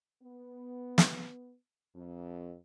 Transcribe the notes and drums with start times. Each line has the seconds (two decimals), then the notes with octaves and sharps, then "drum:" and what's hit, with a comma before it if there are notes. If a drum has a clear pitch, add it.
0.23 B3
0.98 drum: snare
1.95 F2